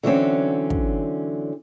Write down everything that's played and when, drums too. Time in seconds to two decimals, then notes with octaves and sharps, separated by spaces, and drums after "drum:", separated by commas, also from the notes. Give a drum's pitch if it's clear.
0.03 D3 E3 F#3 G3 C4 C#4
0.70 drum: kick